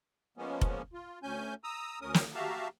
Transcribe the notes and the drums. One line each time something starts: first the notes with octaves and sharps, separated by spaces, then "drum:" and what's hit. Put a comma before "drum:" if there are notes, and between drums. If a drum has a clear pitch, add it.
F3 G#3 A#3 B3 C#4
drum: kick F1
F4
D2 C#4 G#5 G6
A#5 D#6 E6
D2 C#4 A#4 D#6
drum: snare
F#4 G4 E5 F5 A5 A#5